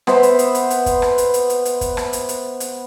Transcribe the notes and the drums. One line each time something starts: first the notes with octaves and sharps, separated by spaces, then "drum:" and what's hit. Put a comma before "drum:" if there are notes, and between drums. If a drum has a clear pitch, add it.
B3 C5 E5, drum: rim click
drum: hi-hat
drum: hi-hat
drum: hi-hat
drum: hi-hat
drum: kick, hi-hat
drum: rim click
drum: hi-hat
drum: hi-hat
drum: hi-hat
drum: hi-hat
drum: kick, hi-hat
drum: rim click
drum: hi-hat
drum: hi-hat
drum: hi-hat